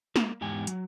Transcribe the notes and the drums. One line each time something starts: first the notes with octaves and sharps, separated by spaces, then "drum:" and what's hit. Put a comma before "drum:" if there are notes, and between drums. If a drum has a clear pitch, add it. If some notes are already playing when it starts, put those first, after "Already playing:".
A#3, drum: snare
E2 G#2 G4 G#5
F#3, drum: hi-hat